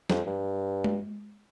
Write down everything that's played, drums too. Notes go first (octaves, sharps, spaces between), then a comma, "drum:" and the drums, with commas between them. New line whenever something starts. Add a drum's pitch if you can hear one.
F2, drum: snare
G2
drum: tom G#3